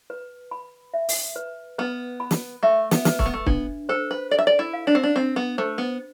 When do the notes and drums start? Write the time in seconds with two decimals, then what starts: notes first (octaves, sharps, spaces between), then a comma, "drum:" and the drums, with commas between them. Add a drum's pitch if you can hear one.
0.10 B4
0.51 B5
0.94 E5
1.09 drum: open hi-hat
1.36 B4
1.78 B3 B4
2.20 B5
2.31 drum: snare
2.63 A3 E5
2.91 B3, drum: snare
3.05 B4, drum: snare
3.19 A3, drum: kick
3.26 B3
3.34 A3
3.46 B3 D4, drum: kick
3.89 A4 C5
4.11 B4
4.31 A4 D5
4.39 E5
4.47 D5
4.59 E4
4.73 F5
4.87 D4
4.95 C4
5.03 D4
5.16 C4 D4
5.36 B3
5.58 A3 C5
5.78 B3